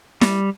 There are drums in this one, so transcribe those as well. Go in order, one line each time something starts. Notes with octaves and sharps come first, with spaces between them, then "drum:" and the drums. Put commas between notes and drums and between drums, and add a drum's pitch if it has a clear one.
G3, drum: snare